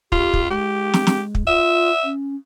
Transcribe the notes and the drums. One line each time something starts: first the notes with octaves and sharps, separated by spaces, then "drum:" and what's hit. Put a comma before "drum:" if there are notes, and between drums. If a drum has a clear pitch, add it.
F4 G4, drum: kick
drum: kick
G#3 G4
drum: snare
drum: snare
drum: kick
F4 E5
C#4